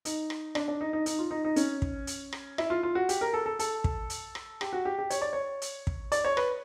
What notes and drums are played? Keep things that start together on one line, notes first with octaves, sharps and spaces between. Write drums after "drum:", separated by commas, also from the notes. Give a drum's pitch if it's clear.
D#4, drum: hi-hat
drum: rim click
D4, drum: rim click
D4
D#4
D#4
D#4, drum: hi-hat
F4
D#4
D#4
C#4, drum: hi-hat
drum: kick
drum: hi-hat
drum: rim click
E4, drum: rim click
F4
F4
F#4
G4, drum: hi-hat
A#4
A4
A4
A4, drum: hi-hat
drum: kick
drum: hi-hat
drum: rim click
G4, drum: rim click
F#4
G4
G4
C#5, drum: hi-hat
D5
C#5
drum: hi-hat
drum: kick
D5, drum: hi-hat
C#5
B4, drum: rim click